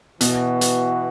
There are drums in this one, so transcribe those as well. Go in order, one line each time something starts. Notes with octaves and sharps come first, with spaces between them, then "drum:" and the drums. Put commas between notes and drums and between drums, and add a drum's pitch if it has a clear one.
B2 E3 B3 F#4, drum: hi-hat
drum: hi-hat